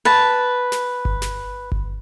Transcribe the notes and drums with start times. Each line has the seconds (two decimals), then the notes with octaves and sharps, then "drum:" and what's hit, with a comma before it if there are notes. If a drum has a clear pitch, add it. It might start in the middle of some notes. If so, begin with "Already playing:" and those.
0.05 B4 A5
0.72 drum: snare
1.05 drum: kick G1
1.22 drum: snare
1.72 drum: kick G1